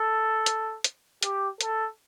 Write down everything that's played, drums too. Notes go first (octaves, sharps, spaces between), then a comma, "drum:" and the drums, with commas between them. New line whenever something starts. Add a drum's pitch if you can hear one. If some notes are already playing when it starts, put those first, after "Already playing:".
Already playing: A4
drum: hi-hat
drum: hi-hat
G4, drum: hi-hat
A4, drum: hi-hat